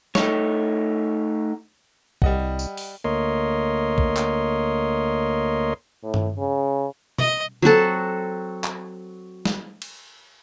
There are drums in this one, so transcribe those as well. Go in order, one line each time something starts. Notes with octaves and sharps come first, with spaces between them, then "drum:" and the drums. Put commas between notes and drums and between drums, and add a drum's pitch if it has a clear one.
A3 D#4 C#5, drum: snare
C2 G3 D#5 F#5, drum: kick A#1
drum: tambourine
drum: open hi-hat
D2 A#3 A#4 C#5 D#5 C6
drum: kick A#1
drum: clap
A2
drum: tom G2
C#3
D#5, drum: tom B2
F#3 C4 F#4 A4
drum: clap
drum: snare
drum: cymbal